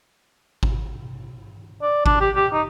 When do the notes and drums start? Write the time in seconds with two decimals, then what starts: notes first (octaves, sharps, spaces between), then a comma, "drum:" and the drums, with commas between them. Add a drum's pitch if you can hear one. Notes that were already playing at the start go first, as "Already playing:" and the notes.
0.63 drum: kick G#1
1.82 D5
2.06 D4, drum: kick G#1
2.21 G4
2.36 G4
2.53 D#4